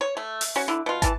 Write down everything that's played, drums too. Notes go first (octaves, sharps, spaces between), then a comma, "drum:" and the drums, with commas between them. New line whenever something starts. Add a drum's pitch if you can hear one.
C#5
A3
drum: open hi-hat
C#4 F#4 C#5
D3 E4
B2 F4
E3 A5, drum: kick, hi-hat